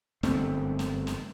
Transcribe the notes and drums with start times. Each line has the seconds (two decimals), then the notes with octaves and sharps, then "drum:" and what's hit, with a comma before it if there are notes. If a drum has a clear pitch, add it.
0.23 G1 F#2 A3 C4, drum: snare
0.79 drum: snare
1.07 drum: snare